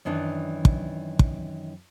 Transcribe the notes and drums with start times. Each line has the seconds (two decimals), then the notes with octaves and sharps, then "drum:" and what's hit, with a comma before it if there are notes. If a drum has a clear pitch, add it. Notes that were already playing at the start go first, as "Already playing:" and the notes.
0.05 F#2 D#3 E3 D4
0.65 drum: kick
1.19 drum: kick